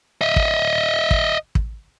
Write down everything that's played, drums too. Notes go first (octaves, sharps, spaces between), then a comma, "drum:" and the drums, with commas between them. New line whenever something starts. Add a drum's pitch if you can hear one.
D#5 E5
drum: kick
drum: kick
drum: kick